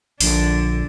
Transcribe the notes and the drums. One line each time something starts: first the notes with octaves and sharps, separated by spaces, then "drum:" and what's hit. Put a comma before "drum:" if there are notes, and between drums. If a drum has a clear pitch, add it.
A#1 D3 D4, drum: open hi-hat